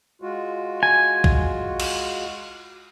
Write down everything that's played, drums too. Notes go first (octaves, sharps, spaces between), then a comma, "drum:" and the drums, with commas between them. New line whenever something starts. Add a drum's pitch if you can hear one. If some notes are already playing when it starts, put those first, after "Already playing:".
G#3 F4 F#4
G#5
drum: kick B1
drum: cymbal